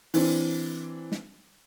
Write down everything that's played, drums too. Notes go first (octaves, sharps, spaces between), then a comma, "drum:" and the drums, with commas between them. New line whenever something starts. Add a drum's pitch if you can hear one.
E3 C4 D4, drum: open hi-hat
drum: snare